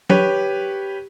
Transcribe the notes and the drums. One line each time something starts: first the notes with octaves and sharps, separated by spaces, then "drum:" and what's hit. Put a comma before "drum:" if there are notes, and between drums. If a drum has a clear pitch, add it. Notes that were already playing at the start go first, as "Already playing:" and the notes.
G4 B4 C#5, drum: tom F#3